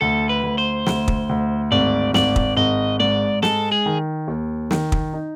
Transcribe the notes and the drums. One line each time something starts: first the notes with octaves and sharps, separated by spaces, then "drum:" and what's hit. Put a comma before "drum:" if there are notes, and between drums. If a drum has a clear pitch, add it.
D2 A4
B4
D2
C5
D2, drum: snare
drum: kick
D2
G#1 D5
G#1 D5, drum: snare
drum: kick
G#1 D#5
G#2 D5
G#3 A4, drum: snare
G#4
D#3
D#2
D#3, drum: snare
drum: kick
D#4